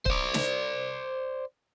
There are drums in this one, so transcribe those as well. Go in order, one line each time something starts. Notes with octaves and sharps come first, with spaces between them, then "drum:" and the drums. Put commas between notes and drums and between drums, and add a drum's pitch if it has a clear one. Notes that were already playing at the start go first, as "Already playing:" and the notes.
C5 D5, drum: kick
drum: snare